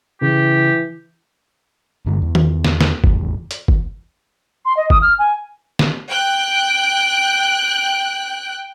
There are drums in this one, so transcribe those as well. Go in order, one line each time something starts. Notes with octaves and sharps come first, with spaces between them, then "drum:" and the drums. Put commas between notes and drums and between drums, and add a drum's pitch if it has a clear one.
C#3 E3 G4
G2 D3 G#3
E2
drum: tom D#3
drum: snare
drum: snare
G#1 E2, drum: kick
drum: hi-hat
drum: kick
C6
D#5
D#6, drum: kick
F6
G#5
drum: snare
G5 F#6